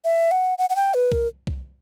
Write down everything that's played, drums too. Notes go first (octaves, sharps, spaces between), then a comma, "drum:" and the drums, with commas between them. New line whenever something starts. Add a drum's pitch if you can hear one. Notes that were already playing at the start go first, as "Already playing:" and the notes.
E5
F#5
F#5
F#5
G5
B4
A#4, drum: kick C2
drum: kick C2